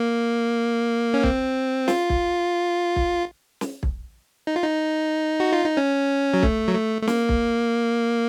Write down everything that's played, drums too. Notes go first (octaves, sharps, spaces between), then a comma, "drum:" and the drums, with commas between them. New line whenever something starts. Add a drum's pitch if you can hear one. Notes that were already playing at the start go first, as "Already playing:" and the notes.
Already playing: A#3
C#4
C4, drum: kick
F4, drum: snare
drum: kick
drum: kick
drum: snare
drum: kick
D#4
F4
D#4
F#4
F4
D#4
C#4
F#3
A3, drum: kick
F#3
A3
A3
A#3, drum: snare
drum: kick